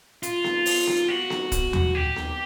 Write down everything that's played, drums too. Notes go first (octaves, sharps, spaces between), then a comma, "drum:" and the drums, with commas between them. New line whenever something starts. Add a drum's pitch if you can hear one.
F4, drum: hi-hat
drum: snare B3
drum: open hi-hat
drum: snare B3
F#4
drum: snare B3
drum: kick, hi-hat
drum: tom D#2
G4
drum: snare B3